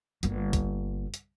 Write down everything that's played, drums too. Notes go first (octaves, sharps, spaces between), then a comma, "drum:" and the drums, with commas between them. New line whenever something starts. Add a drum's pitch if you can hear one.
G1 A#3, drum: hi-hat
drum: kick, hi-hat
drum: hi-hat